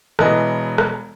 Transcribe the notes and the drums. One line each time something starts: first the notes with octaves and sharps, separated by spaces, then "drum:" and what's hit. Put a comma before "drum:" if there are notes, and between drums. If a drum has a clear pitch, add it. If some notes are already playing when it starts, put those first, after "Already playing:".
E1 E3 D#5, drum: rim click
drum: rim click